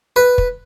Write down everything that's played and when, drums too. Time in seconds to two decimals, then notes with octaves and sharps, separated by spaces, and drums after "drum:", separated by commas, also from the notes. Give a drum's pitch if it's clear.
0.16 B4
0.38 drum: kick